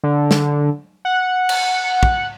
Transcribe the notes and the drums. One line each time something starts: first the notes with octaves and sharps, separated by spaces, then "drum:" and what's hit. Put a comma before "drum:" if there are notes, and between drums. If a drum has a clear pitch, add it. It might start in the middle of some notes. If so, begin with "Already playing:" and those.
D3
drum: snare
F#5
drum: cymbal
drum: kick